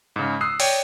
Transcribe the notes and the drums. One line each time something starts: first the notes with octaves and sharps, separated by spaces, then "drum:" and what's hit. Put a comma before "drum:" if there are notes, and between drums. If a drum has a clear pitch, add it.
G#2 C#3
D#6 E6 F#6 C7
C#5 D5 G5, drum: open hi-hat